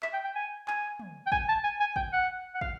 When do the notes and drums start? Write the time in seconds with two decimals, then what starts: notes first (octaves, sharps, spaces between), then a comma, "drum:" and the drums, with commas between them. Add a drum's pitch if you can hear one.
0.02 E5, drum: clap
0.13 G5
0.24 G5
0.35 G#5
0.68 G#5, drum: clap
0.99 drum: tom
1.26 G5
1.32 G#5, drum: kick
1.48 A5
1.64 G#5
1.80 G#5
1.96 G5, drum: kick
2.13 F#5
2.54 F#5
2.61 F5, drum: kick